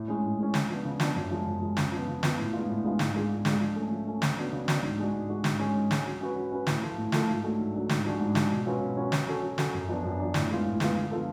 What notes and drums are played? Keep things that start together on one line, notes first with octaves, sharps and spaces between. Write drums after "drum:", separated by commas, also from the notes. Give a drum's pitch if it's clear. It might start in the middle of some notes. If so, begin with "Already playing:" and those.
Already playing: A2
G#3 C#4
A2
G#3 C#4
C#3, drum: snare
F3 B3 D4
C#3
F3 B3 D4, drum: snare
F#2
F3 G#3
F#2
F3 G#3
C#3, drum: snare
F3 B3
C#3
F3 B3, drum: snare
A2
G#3 B3 D4 F4
A2
G#3 B3 D4 F4
G#2, drum: snare
G#3 D4 F4 G#4
G#2
G#3 D4 F4 G#4, drum: snare
F3
A3 C#4
F3
A3 C#4
C#3, drum: snare
F#3 B3 D4
C#3
F#3 B3 D4, drum: snare
G#2
G#3 D4 F#4
G#2
G#3 D4 F#4
G#2, drum: snare
G#3 C#4
G#2
G#3 C#4, drum: snare
F#3
C#4 F#4 B4
F#3
C#4 F#4 B4
A2, drum: snare
F3 A3 F4
A2
F3 A3 F4, drum: snare
G#2
F#3 A3 D4
G#2
F#3 A3 D4
G#2, drum: snare
F3 G#3 D4 F#4
G#2
F3 G#3 D4 F#4, drum: snare
B2
F#3 C#4 F4 B4
B2
F#3 C#4 F4 B4
F#3, drum: snare
C#4 F#4 A4
F#3
C#4 F#4 A4, drum: snare
F#2
F3 B3 D4
F#2
F3 B3 D4
A2, drum: snare
G#3 B3 F4
A2
G#3 B3 F4, drum: snare
D3
F3 B3 F4 A4